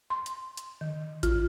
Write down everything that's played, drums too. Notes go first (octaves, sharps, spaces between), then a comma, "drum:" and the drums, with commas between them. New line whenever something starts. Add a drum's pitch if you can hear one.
C6
drum: hi-hat
drum: hi-hat
D#3
F4, drum: kick A1, hi-hat